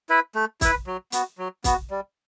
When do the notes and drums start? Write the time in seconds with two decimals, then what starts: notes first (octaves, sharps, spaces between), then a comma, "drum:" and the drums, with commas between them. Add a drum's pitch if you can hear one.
0.09 E4 B4
0.35 A3
0.61 E4 B4, drum: kick, hi-hat
0.87 F#3
1.12 B3 F#4, drum: hi-hat
1.38 F#3
1.64 B3 F#4, drum: kick, hi-hat
1.90 G3